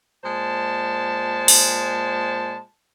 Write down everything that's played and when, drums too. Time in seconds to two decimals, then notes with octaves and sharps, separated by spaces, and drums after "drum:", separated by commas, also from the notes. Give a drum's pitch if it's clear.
0.24 A#2 G#3 C5 A5
1.48 drum: open hi-hat